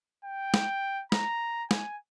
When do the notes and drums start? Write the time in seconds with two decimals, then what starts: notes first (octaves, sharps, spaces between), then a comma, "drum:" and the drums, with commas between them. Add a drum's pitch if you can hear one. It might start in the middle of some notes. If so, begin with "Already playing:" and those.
0.25 G5
0.54 drum: snare
1.12 A#5, drum: snare
1.71 G#5, drum: snare